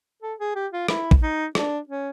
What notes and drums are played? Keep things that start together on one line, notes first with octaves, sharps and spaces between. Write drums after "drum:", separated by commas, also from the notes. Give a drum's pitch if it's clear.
A4
G#4
G4
F4
E4, drum: rim click
drum: kick A1
D#4
D4, drum: rim click
C#4